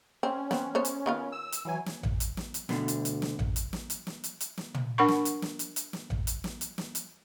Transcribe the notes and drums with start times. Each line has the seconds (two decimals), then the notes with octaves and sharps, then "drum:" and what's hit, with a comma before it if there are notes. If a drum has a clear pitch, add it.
0.23 C4 C#4
0.51 B3 C4, drum: snare
0.75 B3 C5 C#5
0.85 drum: hi-hat
1.06 D#3 B3 F4
1.32 E6
1.52 drum: hi-hat
1.65 E3 F#3 G#5
1.86 drum: snare
2.03 drum: tom A1
2.20 drum: hi-hat
2.37 drum: snare
2.54 drum: hi-hat
2.69 D2 B2 D3, drum: snare
2.88 drum: hi-hat
3.05 drum: hi-hat
3.22 drum: snare
3.39 drum: tom A1
3.56 drum: hi-hat
3.73 drum: snare
3.90 drum: hi-hat
4.07 drum: snare
4.24 drum: hi-hat
4.41 drum: hi-hat
4.57 drum: snare
4.74 drum: tom
4.98 D4 A#4 F#5 B5 C#6
5.08 drum: snare
5.25 drum: hi-hat
5.42 drum: snare
5.59 drum: hi-hat
5.76 drum: hi-hat
5.93 drum: snare
6.10 drum: tom A1
6.27 drum: hi-hat
6.44 drum: snare
6.61 drum: hi-hat
6.78 drum: snare
6.95 drum: hi-hat